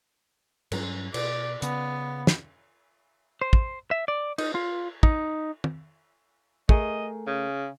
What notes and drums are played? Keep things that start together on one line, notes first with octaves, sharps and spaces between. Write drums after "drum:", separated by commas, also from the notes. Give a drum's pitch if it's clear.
G2 F#3 C#4, drum: cymbal
B2 D5, drum: cymbal
C#3 B3, drum: hi-hat
drum: snare
C5
drum: kick
E5
D5
D#4, drum: cymbal
F4
D#4, drum: kick
drum: tom
A3 G#4 A#4 D#5, drum: kick
C#3